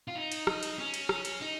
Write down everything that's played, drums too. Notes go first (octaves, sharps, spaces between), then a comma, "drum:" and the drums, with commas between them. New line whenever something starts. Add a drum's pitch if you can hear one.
F4
D#4
drum: cymbal
drum: rim click
drum: cymbal
C#4
drum: cymbal
drum: rim click
drum: cymbal
D#4